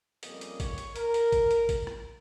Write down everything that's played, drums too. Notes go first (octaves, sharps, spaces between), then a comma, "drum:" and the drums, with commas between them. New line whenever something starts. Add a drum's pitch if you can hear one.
F2 C#3 G3 A#3 C#4 D#5, drum: hi-hat
drum: hi-hat
C#5, drum: kick A1, hi-hat
drum: hi-hat
A#4, drum: hi-hat
drum: hi-hat
drum: kick A1, hi-hat
drum: hi-hat
drum: kick A1, hi-hat
drum: rim click